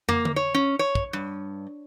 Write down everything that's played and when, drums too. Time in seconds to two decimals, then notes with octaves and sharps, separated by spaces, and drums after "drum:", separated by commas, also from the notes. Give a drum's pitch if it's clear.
0.09 A#3, drum: tom
0.25 drum: tom D3
0.36 C#5
0.54 C#4
0.79 C#5
0.95 drum: kick
1.13 G2